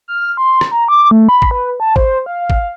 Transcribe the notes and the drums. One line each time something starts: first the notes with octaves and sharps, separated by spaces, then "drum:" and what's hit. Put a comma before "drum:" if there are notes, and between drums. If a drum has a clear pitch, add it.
F6
C6
drum: rim click
A#5
D6
A3
B5
drum: kick
B4
A5
C5, drum: kick
F5
drum: kick